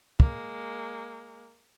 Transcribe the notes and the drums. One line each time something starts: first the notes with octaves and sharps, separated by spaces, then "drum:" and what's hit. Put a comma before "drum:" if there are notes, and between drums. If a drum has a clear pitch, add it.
G#3 A#3, drum: kick